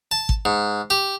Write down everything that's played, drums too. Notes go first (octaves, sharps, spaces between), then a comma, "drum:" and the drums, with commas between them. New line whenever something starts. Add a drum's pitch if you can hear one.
A5
drum: kick
G#2
G4